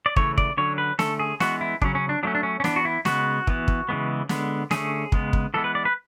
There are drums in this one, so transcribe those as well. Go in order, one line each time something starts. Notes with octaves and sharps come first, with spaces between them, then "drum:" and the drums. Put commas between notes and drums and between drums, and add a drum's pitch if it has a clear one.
D5
C#3 E3 A3 C#5, drum: kick
D5, drum: kick
D3 F#3 C#4 C#5
B4
D3 A3 C#4 A4, drum: snare
G#4
E3 G#3 B3 F#4, drum: snare
E4
C#3 F#3 C#4 D4, drum: kick
C#4
D4
F#3 A3 C#4 D4
D4
C#4
C#4
E3 B3 D4, drum: snare
F#4
E4
C#3 G#3 B3 F#4, drum: snare
E3 B3, drum: kick
drum: kick
C#3 E3 G#3 B3
D3 G#3 B3, drum: snare
D3 A3 C#4 G#4, drum: snare
C#3 G#3 B3, drum: kick
drum: kick
E3 G#3 B3 A4
B4
D5
B4